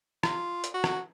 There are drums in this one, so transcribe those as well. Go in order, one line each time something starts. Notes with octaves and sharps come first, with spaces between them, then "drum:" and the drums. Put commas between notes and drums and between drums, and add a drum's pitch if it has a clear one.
F4, drum: rim click
drum: hi-hat
F#4
drum: rim click